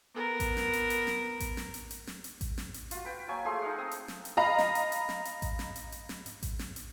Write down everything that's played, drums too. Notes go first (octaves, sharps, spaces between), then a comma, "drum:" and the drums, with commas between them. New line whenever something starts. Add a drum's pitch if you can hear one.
B3 A#4
drum: kick A1, hi-hat
drum: snare
drum: hi-hat
drum: hi-hat
drum: snare
drum: kick A1, hi-hat
drum: snare
drum: hi-hat
drum: hi-hat
drum: snare
drum: hi-hat
drum: kick A1, hi-hat
drum: snare
drum: hi-hat
F4 F#4, drum: hi-hat
B4 G5
F#3 A#3 G#5 C#6
F3 A3 G#4 C6
D#4 F5 F#5
C4 D#6
drum: hi-hat
drum: snare
drum: hi-hat
D#5 F5 A#5 B5
drum: snare
drum: hi-hat
drum: hi-hat
drum: snare
drum: hi-hat
drum: kick A1, hi-hat
drum: snare
drum: hi-hat
drum: hi-hat
drum: snare
drum: hi-hat
drum: kick A1, hi-hat
drum: snare
drum: hi-hat